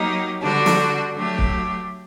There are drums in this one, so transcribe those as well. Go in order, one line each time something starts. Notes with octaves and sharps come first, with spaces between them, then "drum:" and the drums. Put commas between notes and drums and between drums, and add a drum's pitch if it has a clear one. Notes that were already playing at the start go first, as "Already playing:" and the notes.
Already playing: F#3 A#3 D#4 G4
D3 G3 D4 F#4
drum: snare
F#3 A3 D4 G4
drum: kick